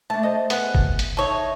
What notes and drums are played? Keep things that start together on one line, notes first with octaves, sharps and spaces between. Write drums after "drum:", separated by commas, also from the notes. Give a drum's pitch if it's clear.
A3 D4 A5
C5 D#5
B3 G#4 F#5, drum: hi-hat
drum: kick
drum: hi-hat
C#3 D#4 E4 A4 C#5